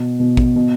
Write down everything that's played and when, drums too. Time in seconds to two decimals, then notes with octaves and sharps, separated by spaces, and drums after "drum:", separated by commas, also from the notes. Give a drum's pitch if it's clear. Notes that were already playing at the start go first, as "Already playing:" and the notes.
Already playing: B2
0.20 B2
0.37 drum: kick
0.56 B2